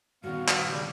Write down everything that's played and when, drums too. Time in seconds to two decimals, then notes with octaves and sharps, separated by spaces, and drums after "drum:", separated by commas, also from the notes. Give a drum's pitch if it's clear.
0.24 G2 A#2 D#3 B3 F#4 F5
0.48 drum: clap
0.69 C#3 G3